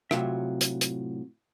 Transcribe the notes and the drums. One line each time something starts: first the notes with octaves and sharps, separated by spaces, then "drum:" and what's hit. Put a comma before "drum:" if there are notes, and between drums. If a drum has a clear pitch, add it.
A2 C3 F3 F#3 F4 E5, drum: rim click
drum: hi-hat
drum: hi-hat